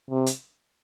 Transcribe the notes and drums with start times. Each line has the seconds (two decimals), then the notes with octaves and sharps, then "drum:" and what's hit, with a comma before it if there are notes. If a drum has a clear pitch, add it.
0.10 C3
0.26 drum: hi-hat